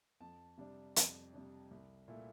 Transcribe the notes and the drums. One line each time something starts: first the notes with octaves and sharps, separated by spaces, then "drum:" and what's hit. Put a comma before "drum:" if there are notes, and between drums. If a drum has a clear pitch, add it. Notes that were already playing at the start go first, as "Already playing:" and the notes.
F2 A5
C3 G3 D4
F2, drum: hi-hat
C3 G3 D4
C2
A#2 A3 E4